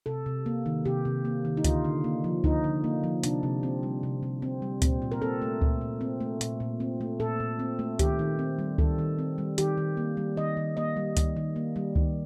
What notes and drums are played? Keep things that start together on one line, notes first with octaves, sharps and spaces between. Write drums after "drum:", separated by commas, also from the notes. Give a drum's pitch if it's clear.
C3 A4
C3
A#3
D#3
C3 G4
C3
A#3
D#3
D#4
D3 F4, drum: kick C#2, hi-hat
D3
A#3
F3
D3 D#4, drum: kick C#2
D3
A#3
F3
C3 D4, drum: hi-hat
C3
C4
G3
C3
C3
C4
G3
A#2 C4, drum: kick C#2, hi-hat
A#2
A#4
C4 A4
A3
A#2, drum: kick C#2
A#2
C4
A3
A#2, drum: hi-hat
A#2
C4
A3
A#2 A4
A#2
C4
A3
D#3 G4, drum: kick C#2, hi-hat
D#3
C4
G3
D#3 A4, drum: kick C#2
D#3
C4
G3
D#3 G4, drum: hi-hat
D#3
A#3
G3
D#3 D#5
D#3
A#3 D#5
G3
D#3, drum: kick C#2, hi-hat
D#3
A#3
G3
D#3, drum: kick C#2